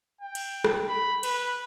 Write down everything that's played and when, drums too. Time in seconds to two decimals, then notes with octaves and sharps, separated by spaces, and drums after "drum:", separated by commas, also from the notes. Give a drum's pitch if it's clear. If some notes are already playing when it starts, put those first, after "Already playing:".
0.21 G5
0.35 drum: cymbal
0.64 drum: rim click
0.89 B5
1.23 B4, drum: cymbal